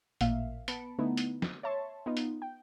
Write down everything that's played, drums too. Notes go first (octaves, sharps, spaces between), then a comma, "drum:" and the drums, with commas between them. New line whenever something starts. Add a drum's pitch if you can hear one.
A1 A#2 A#3 E5 F5, drum: hi-hat
B3 A5 B5 C#7 D7, drum: hi-hat
D3 A3 B3 D#4 E4
drum: hi-hat
drum: snare
C#5 E5 A5 C6 C#6
B3 D#4 F4
drum: hi-hat
G5